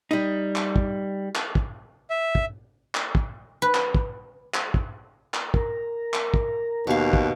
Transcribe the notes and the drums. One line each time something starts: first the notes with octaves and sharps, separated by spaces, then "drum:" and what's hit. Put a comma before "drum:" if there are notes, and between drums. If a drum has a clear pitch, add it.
G3 D#4
drum: clap
drum: kick
drum: clap
drum: kick
E5
drum: kick
drum: clap
drum: kick
B4
drum: clap
drum: kick
drum: clap
drum: kick
drum: clap
A#4, drum: kick
drum: clap
drum: kick
D#2 B2 F5
drum: kick